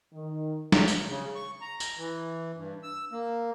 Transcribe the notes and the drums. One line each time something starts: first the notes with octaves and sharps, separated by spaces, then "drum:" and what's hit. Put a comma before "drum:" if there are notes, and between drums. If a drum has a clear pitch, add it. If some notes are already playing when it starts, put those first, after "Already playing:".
D#3
drum: snare
drum: tambourine
C#3
C#6
A#5
drum: tambourine
E3
G2
E6
A#3